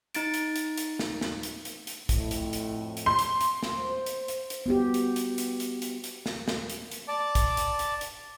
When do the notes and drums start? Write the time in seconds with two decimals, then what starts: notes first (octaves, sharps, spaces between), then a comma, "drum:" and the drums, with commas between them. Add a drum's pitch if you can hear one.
0.14 D#4 A6 D7, drum: hi-hat
0.34 drum: hi-hat
0.56 drum: hi-hat
0.78 drum: hi-hat
0.99 drum: snare
1.21 drum: snare
1.43 drum: hi-hat
1.65 drum: hi-hat
1.87 drum: hi-hat
2.09 F2 A2, drum: kick, hi-hat
2.31 drum: hi-hat
2.53 drum: hi-hat
2.97 drum: hi-hat
3.06 C6
3.19 drum: hi-hat
3.41 drum: hi-hat
3.63 drum: snare
3.78 C5
4.06 drum: hi-hat
4.28 drum: hi-hat
4.50 drum: hi-hat
4.66 B3 F#4 G4
4.94 drum: hi-hat
5.16 drum: hi-hat
5.38 drum: hi-hat
5.60 drum: hi-hat
5.82 drum: hi-hat
6.04 drum: hi-hat
6.26 drum: snare
6.48 drum: snare
6.70 drum: hi-hat
6.91 drum: hi-hat
7.08 D5 A5 D6
7.35 drum: kick, hi-hat
7.57 drum: hi-hat
7.79 drum: hi-hat
8.01 drum: hi-hat